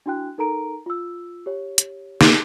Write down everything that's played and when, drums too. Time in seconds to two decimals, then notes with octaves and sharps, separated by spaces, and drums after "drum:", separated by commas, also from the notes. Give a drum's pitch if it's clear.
0.06 D4 E4 F#4 G5 F#6
0.38 D#4 A4 A#4 A#5 D7
0.86 F4 E6
1.46 G4 C#5
1.78 drum: hi-hat
2.21 D6, drum: snare